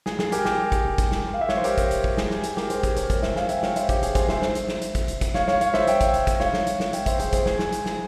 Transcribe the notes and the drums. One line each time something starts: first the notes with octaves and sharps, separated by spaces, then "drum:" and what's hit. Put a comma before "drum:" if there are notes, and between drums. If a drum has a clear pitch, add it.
G#4, drum: snare
G#4, drum: snare
G4 A#4, drum: hi-hat
G4 A#4, drum: snare
drum: kick, hi-hat
drum: kick, hi-hat
drum: snare
F5
E5
C#5, drum: snare
C5
G4 A#4, drum: hi-hat
drum: kick, hi-hat
drum: hi-hat
drum: kick
G#4, drum: snare
G4, drum: snare
G#4, drum: hi-hat
G4 A#4, drum: snare
G#4 C5, drum: hi-hat
drum: kick, hi-hat
A#4 C#5, drum: hi-hat
drum: kick, hi-hat
C5 E5, drum: snare
F5 G#5, drum: snare
E5 G5, drum: hi-hat
C#5 F5, drum: snare
C5 E5, drum: hi-hat
G4, drum: kick, hi-hat
G#4, drum: hi-hat
G#4 C5, drum: kick, hi-hat
C5 E5, drum: snare
drum: snare
drum: hi-hat
drum: snare
drum: hi-hat
drum: kick, hi-hat
drum: hi-hat
drum: kick, hi-hat
C#5 F5, drum: snare
C#5 F5, drum: snare
C#5 F5, drum: hi-hat
C5 E5, drum: snare
E5 G5, drum: hi-hat
drum: kick, hi-hat
drum: hi-hat
drum: kick, hi-hat
C#5 F5, drum: snare
drum: snare
drum: hi-hat
drum: snare
E5 G5, drum: hi-hat
C5 E5, drum: kick, hi-hat
G#4 C5, drum: hi-hat
G#4 C5, drum: kick, hi-hat
G#4 C5, drum: snare
drum: snare
drum: hi-hat
drum: snare